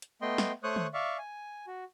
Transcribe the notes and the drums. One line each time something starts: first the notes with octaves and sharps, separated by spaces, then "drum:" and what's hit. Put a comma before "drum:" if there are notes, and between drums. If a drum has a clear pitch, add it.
drum: hi-hat
A3 B3 D#5 G5 C6
drum: snare
A3 C5 C#5 C#6 D#6 F#6
drum: tom
D5 E5 F5 C#6
G#5
F#4